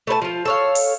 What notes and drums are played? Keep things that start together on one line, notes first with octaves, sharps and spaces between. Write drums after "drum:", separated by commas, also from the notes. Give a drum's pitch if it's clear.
A3 B4 C5 A5
F3 F4
A4 C#5 F5
drum: open hi-hat